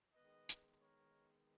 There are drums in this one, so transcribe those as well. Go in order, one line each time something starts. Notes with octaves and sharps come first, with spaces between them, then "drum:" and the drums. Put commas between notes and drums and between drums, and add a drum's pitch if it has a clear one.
D#3 G#3 B3 B4 D#5
drum: hi-hat
A#4 C#5